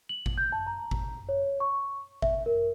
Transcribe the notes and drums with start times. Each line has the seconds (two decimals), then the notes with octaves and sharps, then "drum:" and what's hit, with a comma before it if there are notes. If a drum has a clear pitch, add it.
0.09 F#7
0.26 drum: kick G#1
0.38 G6
0.52 A5
0.67 A#5
0.91 drum: kick G#1
1.29 C#5
1.60 C#6
2.22 E5, drum: kick G#1
2.46 A#4